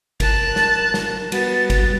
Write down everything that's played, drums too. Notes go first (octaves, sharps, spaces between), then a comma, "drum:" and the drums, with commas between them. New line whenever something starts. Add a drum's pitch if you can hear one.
A#4 A5 F#6, drum: kick G1, cymbal
drum: snare
drum: snare
G3 B3 F#4 A6, drum: cymbal
drum: kick G1, cymbal